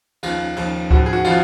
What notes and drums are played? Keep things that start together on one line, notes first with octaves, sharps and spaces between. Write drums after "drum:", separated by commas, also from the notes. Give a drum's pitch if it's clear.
D#2 C#3 F3 F4, drum: cymbal
D#2 C#3 F3, drum: cymbal
D#2 C#3 F3 F#4, drum: kick C#2
G#4
F#4
C#3 F3 F4, drum: cymbal